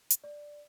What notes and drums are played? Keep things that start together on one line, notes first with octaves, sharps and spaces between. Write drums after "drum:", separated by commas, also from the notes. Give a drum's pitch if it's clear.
drum: hi-hat
D5